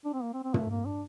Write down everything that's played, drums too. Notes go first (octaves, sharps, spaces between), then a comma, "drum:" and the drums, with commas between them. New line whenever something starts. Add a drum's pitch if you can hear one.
D4
C4
A#3
C4
C4
A3, drum: tom
A#3
D4